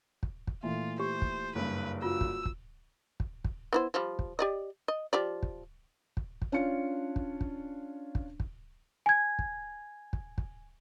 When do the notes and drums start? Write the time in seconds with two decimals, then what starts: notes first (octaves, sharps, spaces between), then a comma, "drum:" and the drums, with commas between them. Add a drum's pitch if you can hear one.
0.23 drum: kick
0.47 drum: kick
0.63 A#2 E3 A3 F4
1.00 G4 C5
1.22 drum: kick
1.55 F#1 G2 B4
2.02 F4 F#4 E6
2.21 drum: kick
2.45 drum: kick
3.20 drum: kick
3.45 drum: kick
3.73 B3 E4 C5
3.94 F3 G3
4.19 drum: kick
4.39 G4 D5 D#5
4.88 D#5
5.13 F3 G4 D5
5.43 drum: kick
6.17 drum: kick
6.42 drum: kick
6.52 C#4 D4 F4 C#7
7.16 drum: kick
7.41 drum: kick
8.15 drum: kick
8.40 drum: kick
9.06 G#5 G#6
9.39 drum: kick
10.13 drum: kick
10.38 drum: kick